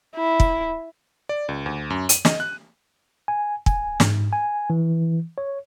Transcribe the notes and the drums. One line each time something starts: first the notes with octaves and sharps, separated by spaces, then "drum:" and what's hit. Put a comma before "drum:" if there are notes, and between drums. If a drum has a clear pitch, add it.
E4
drum: kick
D5
C#2
D2
F#2
D#7, drum: hi-hat
D#5, drum: snare
F#6
G#5
G#5, drum: kick
G#2, drum: snare
G#5
E3
C#5